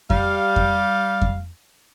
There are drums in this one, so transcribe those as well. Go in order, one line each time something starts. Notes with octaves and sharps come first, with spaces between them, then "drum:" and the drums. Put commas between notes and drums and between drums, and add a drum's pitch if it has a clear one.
G3 F5, drum: kick F2
drum: kick F2
drum: kick F2